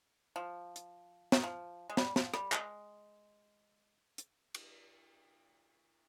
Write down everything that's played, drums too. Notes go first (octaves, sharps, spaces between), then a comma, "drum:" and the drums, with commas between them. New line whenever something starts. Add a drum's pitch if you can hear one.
F3
drum: hi-hat
D#3, drum: snare
F3
G#3
G3, drum: snare
F3, drum: snare
G3, drum: rim click
G#3, drum: clap
drum: hi-hat
drum: cymbal